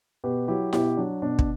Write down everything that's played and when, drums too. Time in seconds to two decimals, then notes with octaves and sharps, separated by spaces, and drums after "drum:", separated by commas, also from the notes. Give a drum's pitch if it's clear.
0.24 B2 G4 B4
0.48 F#3 E4 G4
0.73 B2 E4 G4, drum: snare E4
0.97 F#3 D4
1.22 B2 D4
1.39 drum: kick